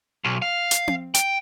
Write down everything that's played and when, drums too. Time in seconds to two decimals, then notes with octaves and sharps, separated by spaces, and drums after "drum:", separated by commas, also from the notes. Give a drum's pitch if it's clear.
0.24 B1
0.42 F5
0.71 drum: hi-hat
0.88 drum: tom C4
1.15 G5, drum: hi-hat